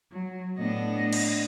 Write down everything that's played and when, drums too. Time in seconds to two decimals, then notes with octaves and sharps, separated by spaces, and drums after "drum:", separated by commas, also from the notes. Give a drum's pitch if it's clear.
0.12 F#3
0.58 A2 B3 D4 D#5
1.13 drum: cymbal